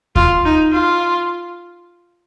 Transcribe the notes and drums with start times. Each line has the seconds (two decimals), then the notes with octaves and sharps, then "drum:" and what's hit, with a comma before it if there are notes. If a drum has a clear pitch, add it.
0.16 F4, drum: kick D#2
0.45 D#4
0.72 F4